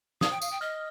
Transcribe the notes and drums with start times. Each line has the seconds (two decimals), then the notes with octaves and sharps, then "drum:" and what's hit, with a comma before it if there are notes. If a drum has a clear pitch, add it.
0.21 F5 D#6, drum: snare
0.31 G5
0.42 F5, drum: tambourine
0.52 G5
0.61 D#5 F6